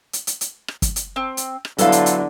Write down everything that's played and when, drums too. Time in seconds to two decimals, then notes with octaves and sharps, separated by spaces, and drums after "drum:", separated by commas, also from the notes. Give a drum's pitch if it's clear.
0.13 drum: hi-hat
0.27 drum: hi-hat
0.41 drum: hi-hat
0.68 drum: rim click
0.82 drum: kick, hi-hat
0.96 drum: hi-hat
1.16 C4
1.37 drum: hi-hat
1.65 drum: rim click
1.78 D3 F#3 B3 E4 F4 A4, drum: hi-hat
1.92 drum: hi-hat
2.06 drum: hi-hat